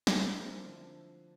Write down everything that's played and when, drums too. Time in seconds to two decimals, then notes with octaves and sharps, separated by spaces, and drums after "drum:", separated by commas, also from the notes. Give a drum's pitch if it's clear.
0.07 C4 E4, drum: snare
0.21 A#3 D4
0.36 F3 A3
0.65 D3 F3